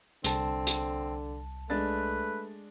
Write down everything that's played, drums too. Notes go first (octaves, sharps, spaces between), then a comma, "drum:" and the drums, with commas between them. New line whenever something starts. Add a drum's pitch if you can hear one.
C2 D3 C4 A5, drum: hi-hat
drum: hi-hat
G#3 A3 D4 B4 A6